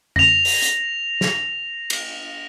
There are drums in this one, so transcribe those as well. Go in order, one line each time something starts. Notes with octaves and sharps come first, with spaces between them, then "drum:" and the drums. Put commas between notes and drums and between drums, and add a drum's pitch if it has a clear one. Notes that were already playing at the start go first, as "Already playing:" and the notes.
A#6 F7, drum: tom F2
drum: open hi-hat
drum: hi-hat
drum: snare
drum: cymbal